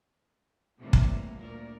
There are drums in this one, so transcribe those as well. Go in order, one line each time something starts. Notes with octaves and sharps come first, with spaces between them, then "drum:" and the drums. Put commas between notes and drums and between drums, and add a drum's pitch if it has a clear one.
A2 C3 E3 G3 A3 A#3
drum: kick
D2 A#2 A#4 D5